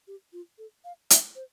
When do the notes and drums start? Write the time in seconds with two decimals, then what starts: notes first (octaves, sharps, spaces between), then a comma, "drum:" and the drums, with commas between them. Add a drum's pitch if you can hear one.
0.07 G4
0.33 F4
0.58 A4
0.85 F5
1.10 E5, drum: hi-hat
1.35 C5